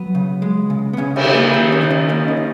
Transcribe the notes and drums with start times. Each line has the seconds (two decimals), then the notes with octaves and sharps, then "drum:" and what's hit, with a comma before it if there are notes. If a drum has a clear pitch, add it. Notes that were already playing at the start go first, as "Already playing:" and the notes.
Already playing: F#3 B3
0.15 C#3
0.42 G#3
0.70 C#3
0.93 B3
0.97 C#3 C#4
1.16 C#4, drum: cymbal
1.26 C#3
1.35 A#3
1.53 D#3 A#3
1.72 C#4
1.81 D#3 D#4
1.90 C#4
2.09 A#3 D#4
2.28 C#4
2.37 D#3